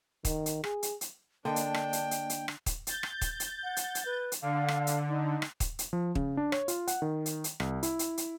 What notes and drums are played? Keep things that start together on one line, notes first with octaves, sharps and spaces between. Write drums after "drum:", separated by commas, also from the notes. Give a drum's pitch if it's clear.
D#3, drum: kick, hi-hat
drum: hi-hat
G#4, drum: rim click
drum: hi-hat
drum: hi-hat
D3 A#3 D4 D#5 G5
drum: hi-hat
drum: rim click
drum: hi-hat
drum: hi-hat
drum: hi-hat
drum: rim click
drum: kick, hi-hat
G6 A6, drum: hi-hat
drum: rim click
drum: kick, hi-hat
drum: hi-hat
F#5
drum: hi-hat
drum: hi-hat
B4
drum: hi-hat
D3 F5
drum: rim click
drum: hi-hat
D#4
drum: rim click
drum: kick, hi-hat
drum: hi-hat
F3
C#3, drum: kick
D4
C#5, drum: rim click
F4, drum: hi-hat
F#5, drum: hi-hat
D#3
drum: hi-hat
drum: hi-hat
C2, drum: rim click
E4, drum: hi-hat
drum: hi-hat
drum: hi-hat